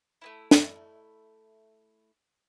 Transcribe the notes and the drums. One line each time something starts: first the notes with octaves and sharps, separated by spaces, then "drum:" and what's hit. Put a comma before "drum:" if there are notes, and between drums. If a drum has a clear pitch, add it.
A3 C4 E4
drum: snare